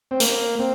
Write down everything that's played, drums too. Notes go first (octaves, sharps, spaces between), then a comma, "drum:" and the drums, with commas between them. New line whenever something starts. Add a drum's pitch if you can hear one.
C4
A#3, drum: hi-hat
C4